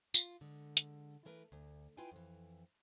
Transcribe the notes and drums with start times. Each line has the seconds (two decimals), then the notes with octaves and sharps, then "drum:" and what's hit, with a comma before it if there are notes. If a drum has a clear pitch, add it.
0.14 F4, drum: tambourine
0.41 D3 G#3
0.77 drum: hi-hat
1.25 E3 A3 A#4 B4
1.52 D2
1.97 E4 F4 B4 G5 G#5
2.12 F2 E3